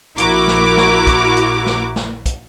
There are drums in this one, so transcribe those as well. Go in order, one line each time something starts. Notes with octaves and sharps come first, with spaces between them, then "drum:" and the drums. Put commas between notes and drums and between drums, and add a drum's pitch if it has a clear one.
A#1 E4 F#4 A#4 D6, drum: hi-hat
drum: snare
drum: snare
drum: kick, hi-hat
drum: hi-hat
drum: snare
drum: snare
drum: kick, hi-hat